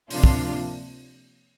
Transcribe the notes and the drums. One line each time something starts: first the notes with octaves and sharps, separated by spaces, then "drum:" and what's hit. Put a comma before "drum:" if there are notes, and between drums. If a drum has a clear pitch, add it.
C3 F3 A#3 D4 F4, drum: open hi-hat
drum: kick